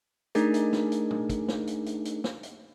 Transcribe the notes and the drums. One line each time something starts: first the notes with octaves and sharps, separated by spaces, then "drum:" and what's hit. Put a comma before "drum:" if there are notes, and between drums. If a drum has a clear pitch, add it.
A3 D4 D#4 G#4 A#4, drum: hi-hat
drum: hi-hat
drum: snare
drum: hi-hat
drum: tom
drum: kick, hi-hat
drum: snare
drum: hi-hat
drum: hi-hat
drum: hi-hat
drum: snare
drum: hi-hat